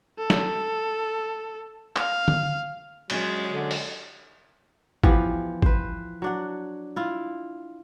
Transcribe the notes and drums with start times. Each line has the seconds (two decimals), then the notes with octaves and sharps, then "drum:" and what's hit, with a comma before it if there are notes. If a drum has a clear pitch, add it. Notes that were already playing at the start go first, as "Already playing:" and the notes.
0.19 A4
0.30 drum: snare
1.96 F5, drum: clap
2.28 drum: tom
3.10 F#3 G#3 C#4, drum: cymbal
3.50 D3
3.71 drum: open hi-hat
5.04 E3 F3 B3 G4, drum: kick G#1
5.62 B4 C5, drum: kick G#1
6.22 F#3 D4 F#5
6.96 E4 F4